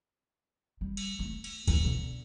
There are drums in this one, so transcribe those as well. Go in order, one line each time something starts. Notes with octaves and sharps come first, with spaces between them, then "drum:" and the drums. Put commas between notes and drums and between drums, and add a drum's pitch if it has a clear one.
G3
drum: cymbal
A3
drum: cymbal
D2 E3, drum: kick C#2, cymbal
B2 D3